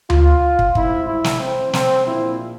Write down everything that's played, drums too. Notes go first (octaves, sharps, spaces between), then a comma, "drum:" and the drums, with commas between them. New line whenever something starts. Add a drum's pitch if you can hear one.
F4, drum: tom D2
drum: kick
G#2 G3 C4 E4, drum: kick
E4
drum: snare
C4
C4, drum: snare
A#1 A#2 F3 E4